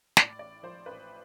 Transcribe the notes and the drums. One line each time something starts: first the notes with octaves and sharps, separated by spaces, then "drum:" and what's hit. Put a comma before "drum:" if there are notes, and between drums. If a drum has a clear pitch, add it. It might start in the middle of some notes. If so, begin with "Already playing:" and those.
A2 D5, drum: snare
A1 D5
F3 C5
A1 B4